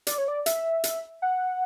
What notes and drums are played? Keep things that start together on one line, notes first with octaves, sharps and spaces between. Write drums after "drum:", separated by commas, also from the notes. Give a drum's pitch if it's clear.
D5, drum: hi-hat
C#5
D5
E5, drum: hi-hat
drum: hi-hat
F#5